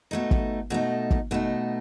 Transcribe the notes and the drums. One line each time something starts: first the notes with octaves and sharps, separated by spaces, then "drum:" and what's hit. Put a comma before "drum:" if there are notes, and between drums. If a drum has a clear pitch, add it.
B2 A3 D#4
drum: kick
B2 A3 D#4
drum: kick
B2 A3 D#4